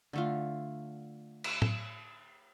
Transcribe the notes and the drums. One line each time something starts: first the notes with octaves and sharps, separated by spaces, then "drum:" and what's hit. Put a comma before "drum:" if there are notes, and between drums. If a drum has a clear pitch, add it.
D3 A3 F4
drum: cymbal
drum: tom A2